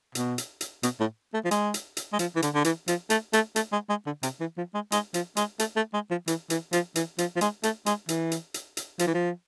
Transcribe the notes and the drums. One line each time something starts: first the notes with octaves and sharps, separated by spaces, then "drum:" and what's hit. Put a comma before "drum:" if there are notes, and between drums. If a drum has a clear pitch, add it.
B2, drum: hi-hat
drum: hi-hat
drum: hi-hat
B2, drum: hi-hat
A2
A3
F3
G#3, drum: hi-hat
drum: hi-hat
drum: hi-hat
G#3
F3, drum: hi-hat
E3
D3, drum: hi-hat
D3
E3, drum: hi-hat
F3, drum: hi-hat
A3, drum: hi-hat
A3, drum: hi-hat
A3, drum: hi-hat
G#3
G#3
D3
C3, drum: hi-hat
E3
F3
G#3
G#3, drum: hi-hat
F3, drum: hi-hat
G#3, drum: hi-hat
A3, drum: hi-hat
A3
G#3
F3
E3, drum: hi-hat
E3, drum: hi-hat
F3, drum: hi-hat
E3, drum: hi-hat
F3, drum: hi-hat
F3
G#3, drum: hi-hat
A3, drum: hi-hat
G#3, drum: hi-hat
E3, drum: hi-hat
drum: hi-hat
drum: hi-hat
drum: hi-hat
F3, drum: hi-hat
E3
F3